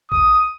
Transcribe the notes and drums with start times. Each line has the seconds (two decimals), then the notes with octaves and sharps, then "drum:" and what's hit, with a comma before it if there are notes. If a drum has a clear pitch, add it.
0.12 D#6, drum: kick A#1